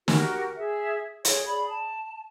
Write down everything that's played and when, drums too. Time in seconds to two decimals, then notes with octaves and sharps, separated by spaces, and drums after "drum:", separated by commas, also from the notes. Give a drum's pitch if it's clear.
0.08 F#4 G4 A#4, drum: snare
0.57 G#4 E5
1.25 G#4 C#5, drum: hi-hat
1.47 G#4 D5 B5
1.69 A5